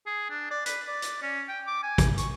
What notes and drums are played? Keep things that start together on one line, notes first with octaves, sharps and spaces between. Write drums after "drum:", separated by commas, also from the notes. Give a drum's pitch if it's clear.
G#4
D4
D5
B4, drum: hi-hat
D5
drum: hi-hat
C#4
G5
D6
G#5
drum: kick, hi-hat
C#6, drum: hi-hat